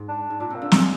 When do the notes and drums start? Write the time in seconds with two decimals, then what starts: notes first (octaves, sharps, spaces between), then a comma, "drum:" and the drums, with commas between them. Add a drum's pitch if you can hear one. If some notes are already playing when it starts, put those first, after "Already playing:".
Already playing: G#2
0.08 D4
0.30 G#2
0.40 A#2 D4
0.50 C3
0.56 A#3
0.62 D3
0.72 C3 G#3, drum: snare